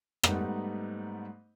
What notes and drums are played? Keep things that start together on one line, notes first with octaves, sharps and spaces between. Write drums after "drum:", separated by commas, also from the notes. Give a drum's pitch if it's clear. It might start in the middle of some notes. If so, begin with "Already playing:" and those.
G#2 G3 A3 B3 D#4, drum: rim click